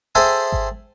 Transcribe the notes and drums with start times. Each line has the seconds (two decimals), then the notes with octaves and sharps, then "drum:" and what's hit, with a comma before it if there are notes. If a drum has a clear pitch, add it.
0.15 G#4 A4 C5 E5 G5 G#5
0.52 drum: kick G#1